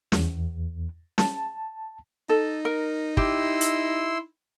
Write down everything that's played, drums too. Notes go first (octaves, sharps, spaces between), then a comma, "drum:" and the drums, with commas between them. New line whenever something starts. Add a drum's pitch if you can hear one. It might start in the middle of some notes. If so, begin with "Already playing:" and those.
E2, drum: snare
A5, drum: snare
D#4 A4
A#4
E4 G4 C6 E6, drum: kick
drum: hi-hat